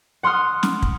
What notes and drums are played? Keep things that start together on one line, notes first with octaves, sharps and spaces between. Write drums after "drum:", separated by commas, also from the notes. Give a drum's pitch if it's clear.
F#5 C6 D#6 F6
drum: snare
drum: kick